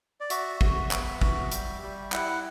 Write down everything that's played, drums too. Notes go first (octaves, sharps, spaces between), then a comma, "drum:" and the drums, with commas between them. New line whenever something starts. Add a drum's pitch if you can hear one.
D5
F#4 E5, drum: hi-hat
F#4, drum: kick
B3, drum: clap
F#4, drum: kick
G3, drum: hi-hat
G3
E4 F#5, drum: clap